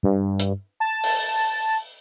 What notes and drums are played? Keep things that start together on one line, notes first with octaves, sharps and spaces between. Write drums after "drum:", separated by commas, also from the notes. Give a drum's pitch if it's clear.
G2
drum: hi-hat
A5
drum: open hi-hat